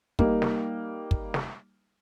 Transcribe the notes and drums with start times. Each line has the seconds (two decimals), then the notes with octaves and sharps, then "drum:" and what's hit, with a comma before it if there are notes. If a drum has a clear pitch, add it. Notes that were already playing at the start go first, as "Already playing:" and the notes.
0.19 G3 A#3 D#4, drum: kick
0.42 drum: snare
1.11 drum: kick
1.34 drum: snare